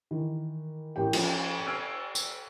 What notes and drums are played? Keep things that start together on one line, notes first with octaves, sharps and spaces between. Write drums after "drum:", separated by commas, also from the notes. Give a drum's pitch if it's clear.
D#3 E3
A1 E3 A#3 G4 G5
F3 C#4 F4, drum: cymbal
C#6 E6 F6 G#6 C7 D7
drum: tambourine